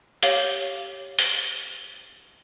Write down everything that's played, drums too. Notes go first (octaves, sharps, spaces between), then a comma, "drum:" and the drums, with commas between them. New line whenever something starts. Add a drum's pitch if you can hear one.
G4 C#5 F5, drum: hi-hat
drum: hi-hat